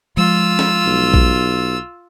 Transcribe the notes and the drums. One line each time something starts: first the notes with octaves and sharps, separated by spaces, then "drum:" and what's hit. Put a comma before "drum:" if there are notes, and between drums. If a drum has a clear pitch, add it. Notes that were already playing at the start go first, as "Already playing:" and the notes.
F3 G#3 F4 E6
drum: snare
B1
drum: kick A#1